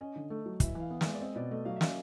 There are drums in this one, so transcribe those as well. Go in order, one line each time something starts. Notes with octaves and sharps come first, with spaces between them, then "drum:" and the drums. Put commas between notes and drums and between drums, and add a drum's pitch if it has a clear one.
C#4 D#5
D3
A3
F#3
E3 E5, drum: kick, hi-hat
E3 F5
B3
G#3 E5, drum: snare
D5
C4 D#5
B2 D5
A3 D#5
F#3 F5
E5
C#4 F5, drum: snare